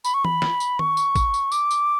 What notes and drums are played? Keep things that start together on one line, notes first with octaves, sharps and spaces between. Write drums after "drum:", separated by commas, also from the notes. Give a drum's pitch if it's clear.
B5, drum: tambourine
C#6
B5, drum: tom E3
drum: snare
drum: tambourine
C#6, drum: tom D#3
drum: tambourine
drum: kick, tambourine
drum: tambourine
D6, drum: tambourine
drum: tambourine